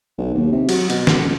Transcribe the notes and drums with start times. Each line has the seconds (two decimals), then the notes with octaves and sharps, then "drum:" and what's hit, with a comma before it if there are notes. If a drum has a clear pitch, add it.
0.18 B1
0.34 D#2
0.52 C3
0.69 F#3, drum: cymbal
0.90 B2, drum: cymbal
1.07 D1, drum: snare
1.24 C#2